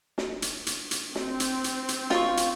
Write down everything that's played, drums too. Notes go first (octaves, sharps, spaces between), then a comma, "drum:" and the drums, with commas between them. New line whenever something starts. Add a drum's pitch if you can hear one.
drum: snare
drum: hi-hat
drum: hi-hat
drum: hi-hat
C4, drum: snare
drum: hi-hat
drum: hi-hat
drum: hi-hat
F4 C#6, drum: snare
drum: hi-hat